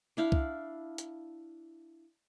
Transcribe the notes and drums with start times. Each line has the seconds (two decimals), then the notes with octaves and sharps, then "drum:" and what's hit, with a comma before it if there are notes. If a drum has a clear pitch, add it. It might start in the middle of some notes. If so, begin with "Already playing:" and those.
0.17 D4 E4 F5
0.32 drum: kick C2
0.98 drum: hi-hat